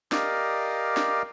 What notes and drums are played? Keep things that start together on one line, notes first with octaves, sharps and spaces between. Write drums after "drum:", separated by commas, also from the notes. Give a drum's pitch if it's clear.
G4 A#4 D5 D#5 F5, drum: snare
drum: snare